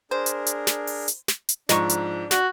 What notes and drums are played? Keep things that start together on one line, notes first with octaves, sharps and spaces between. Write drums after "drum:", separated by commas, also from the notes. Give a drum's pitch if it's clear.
D4 G#4 A#4 C5
drum: hi-hat
drum: hi-hat
drum: snare
drum: open hi-hat
drum: hi-hat
drum: snare
drum: hi-hat
G#2 F3 D4 D#5 C#6, drum: snare
drum: hi-hat
F#4, drum: snare